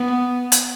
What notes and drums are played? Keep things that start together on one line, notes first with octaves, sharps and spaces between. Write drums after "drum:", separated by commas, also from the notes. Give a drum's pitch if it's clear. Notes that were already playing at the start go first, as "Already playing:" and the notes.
Already playing: B3
drum: hi-hat